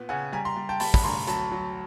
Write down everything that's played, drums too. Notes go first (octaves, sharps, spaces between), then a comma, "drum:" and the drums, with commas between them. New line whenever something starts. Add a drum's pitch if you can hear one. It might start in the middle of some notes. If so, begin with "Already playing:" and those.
Already playing: A#2 B3
C#3 F#5 G#5
G3 G#5 A#5
A#5 C6
G3
G5 A5
G3 A5 B5, drum: open hi-hat
B5, drum: kick, open hi-hat
D2 A#5 C6
F#3 A5 B5, drum: hi-hat
F#3